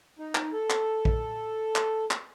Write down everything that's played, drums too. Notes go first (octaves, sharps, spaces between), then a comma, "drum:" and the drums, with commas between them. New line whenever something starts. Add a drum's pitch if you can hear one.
D#4
drum: clap
A4
drum: clap
drum: kick
drum: clap
drum: clap